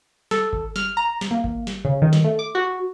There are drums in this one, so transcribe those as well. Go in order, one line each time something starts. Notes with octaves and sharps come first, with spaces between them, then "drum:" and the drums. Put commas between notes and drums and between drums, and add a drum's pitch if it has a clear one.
A4, drum: snare
drum: kick G#1
F6, drum: snare
A#5
drum: snare
A#3
drum: kick G#1
drum: snare
C#3
D#3
drum: snare
A3
D6
F#4